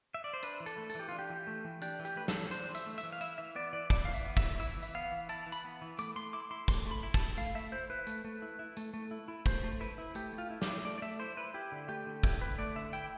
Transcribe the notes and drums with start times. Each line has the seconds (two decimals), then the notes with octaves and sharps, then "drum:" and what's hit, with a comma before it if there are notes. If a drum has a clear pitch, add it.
0.14 E5
0.24 D5
0.34 C5
0.43 D4 B4, drum: tambourine
0.60 E3
0.66 A4, drum: tambourine
0.77 A3
0.90 A4, drum: tambourine
0.95 E3 G4
1.09 D4 F4
1.19 G4
1.30 E3
1.47 A3
1.64 E3
1.82 D4 G4, drum: tambourine
1.99 E3
2.05 G4, drum: tambourine
2.16 A3 B4
2.28 A4, drum: snare
2.34 E3
2.51 D4 C5, drum: tambourine
2.69 E3
2.75 E5, drum: tambourine
2.86 A3
2.98 E5, drum: tambourine
3.03 E3
3.13 F5
3.21 E4 E5, drum: tambourine
3.38 E3 E5
3.55 B3 D5
3.73 E3 D5
3.90 E4 D5, drum: kick, tambourine
4.05 E3 F5
4.14 E5, drum: tambourine
4.25 B3
4.37 E5, drum: kick, tambourine
4.43 E3
4.60 E4 E5, drum: tambourine
4.77 E3
4.83 E5, drum: tambourine
4.95 B3 F5
5.12 E3
5.29 E4 A5, drum: tambourine
5.47 E3
5.52 B5, drum: tambourine
5.64 B3
5.82 E3
5.99 A3 D6, drum: tambourine
6.16 A3 C6
6.33 E4 D6
6.51 E4 C6
6.68 A3 C6, drum: kick, tambourine
6.86 A3
6.91 B5
7.03 E4
7.14 A5, drum: kick, tambourine
7.20 E4
7.37 A3 F5, drum: tambourine
7.55 A3 E5
7.72 E4 C5
7.90 E4 B4
8.07 A3, drum: tambourine
8.25 A3
8.42 E4
8.59 E4
8.77 A3, drum: tambourine
8.94 A3
9.11 E4
9.28 E4
9.46 A3 C5, drum: kick, tambourine
9.63 A3
9.80 E4 B4
9.98 E4
10.15 A3 G4, drum: tambourine
10.33 A3
10.38 F4
10.50 E4
10.62 G4, drum: snare
10.68 E4
10.85 A3 D5
10.98 D5
11.02 A3 E5
11.19 E4 C5
11.37 E4 B4
11.54 E4 G4
11.72 D3
11.88 A3 G4
12.06 D3
12.23 E4 G4, drum: kick, tambourine
12.41 D3 B4
12.58 A3 D5
12.76 D3 E5
12.93 E4 G5, drum: tambourine